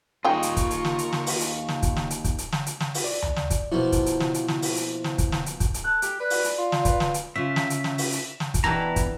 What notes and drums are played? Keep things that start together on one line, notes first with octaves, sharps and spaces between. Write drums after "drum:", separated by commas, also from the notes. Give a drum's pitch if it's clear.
D#2 D#4 F4 G#4 A#4 D#5 G5 C#6
drum: hi-hat
drum: kick, hi-hat
drum: hi-hat
drum: snare
drum: hi-hat
drum: snare
drum: open hi-hat
drum: hi-hat
drum: snare
drum: kick, hi-hat
drum: snare
drum: hi-hat
drum: kick, hi-hat
drum: hi-hat
drum: snare
drum: hi-hat
drum: snare
drum: open hi-hat
D5
drum: tom D#2
drum: snare
drum: kick, hi-hat
B2 F3 A#3 E4
drum: kick, hi-hat
drum: hi-hat
drum: snare
drum: hi-hat
drum: snare
drum: open hi-hat
drum: hi-hat
drum: snare
drum: kick, hi-hat
drum: snare
drum: hi-hat
drum: kick, hi-hat
drum: hi-hat
A4 F#6
G4 D7, drum: hi-hat
B4 D5
drum: open hi-hat
drum: hi-hat
F4
drum: snare
B4, drum: kick, hi-hat
drum: snare
drum: hi-hat
C#3 F4 E5
drum: snare
drum: hi-hat
drum: snare
drum: open hi-hat
drum: hi-hat
drum: snare
drum: kick, hi-hat
B2 E3 D4 E4 G4 A4 A#5
drum: kick, hi-hat